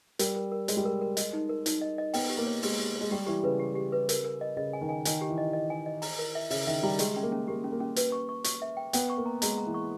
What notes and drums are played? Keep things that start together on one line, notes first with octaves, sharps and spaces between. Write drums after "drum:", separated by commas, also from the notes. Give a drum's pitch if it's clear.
G3 A#4, drum: hi-hat
A#4
A#4
G#3 C#5, drum: hi-hat
G3
G#3 A#4
A#4
D#5, drum: hi-hat
D#4
A#4
D#4, drum: hi-hat
D#5
D#5
B3 G5, drum: open hi-hat
G4
A#3
C#5
G#3 G4, drum: open hi-hat
G4
C#5
G#3
G3 G4
E3 G4
C#3 B4
G4
G4
B4
A#4, drum: hi-hat
A#4
D#5
C#3 D#5
G#5
D#3
G#5
D#3 G#5, drum: hi-hat
G4
E3
D#5
D#5
G#5
D#5
A#5, drum: open hi-hat
A#4
E5
C#3 E5, drum: open hi-hat
D#3 E5
G3 A#5
G#3 G4, drum: hi-hat
C#4
A#3
C#4
A#3 G4
C#4
A#3
C#4
B4, drum: hi-hat
C#6
C#6
C#6, drum: hi-hat
E5
G5
B3 G5, drum: hi-hat
C#6
A#3
A#5
G#3 A#5, drum: hi-hat
A#5
E3
C#6